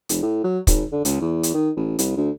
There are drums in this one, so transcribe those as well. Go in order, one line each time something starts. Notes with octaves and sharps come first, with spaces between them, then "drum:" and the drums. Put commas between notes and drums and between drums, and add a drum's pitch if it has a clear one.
F1, drum: hi-hat
A2
F#3
G#1, drum: kick, hi-hat
D3
C#2, drum: hi-hat
E2
drum: hi-hat
D#3
A1
C2, drum: hi-hat
D2